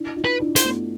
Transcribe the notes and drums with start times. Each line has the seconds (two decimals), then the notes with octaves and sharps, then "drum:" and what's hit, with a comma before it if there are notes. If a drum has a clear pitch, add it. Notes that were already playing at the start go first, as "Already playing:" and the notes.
Already playing: D4 E4
0.16 D#4 F4
0.25 B4
0.40 D4 E4
0.56 C5, drum: hi-hat
0.63 A3 B3